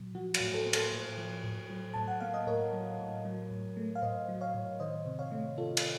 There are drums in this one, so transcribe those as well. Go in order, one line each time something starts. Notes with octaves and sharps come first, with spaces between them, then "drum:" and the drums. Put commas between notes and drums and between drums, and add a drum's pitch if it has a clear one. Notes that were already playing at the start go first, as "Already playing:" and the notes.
Already playing: A#2 F#3
F3 F#4
F#4, drum: cymbal
A2
A4 C5
A#3
A4 C5, drum: cymbal
A2
F3
A2
F#3
A2 A5
F#5
A#3 F5
D#5
A2 A#4 C#5
F#3
A2
F#3
A2
A3
F5
A2 C5 D#5
F#3
C#5 F5
A2
D#3 C5 D#5
C3
C#5 F5
A3
C3 F4 A4
drum: cymbal